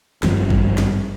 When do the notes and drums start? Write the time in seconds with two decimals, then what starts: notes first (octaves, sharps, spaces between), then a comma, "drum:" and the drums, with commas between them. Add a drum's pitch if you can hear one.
0.23 G#1 G2 F3, drum: snare
0.50 drum: kick G#1
0.78 drum: snare